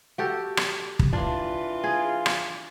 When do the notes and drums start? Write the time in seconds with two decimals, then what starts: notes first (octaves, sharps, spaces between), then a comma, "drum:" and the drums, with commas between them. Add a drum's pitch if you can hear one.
0.18 F#4 G4 A4
0.57 drum: rim click
0.99 drum: kick
1.13 E3 D4 F4
1.84 G#4
2.26 drum: rim click